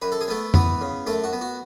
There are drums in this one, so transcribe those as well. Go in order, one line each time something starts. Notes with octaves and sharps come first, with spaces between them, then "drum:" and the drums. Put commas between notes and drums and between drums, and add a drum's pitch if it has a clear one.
F#2 B4
A4
G#4
A3 B3 A4
E3 B3 B4, drum: tom F2
C#3
F#2 A3 A4
F#4
B3
F#4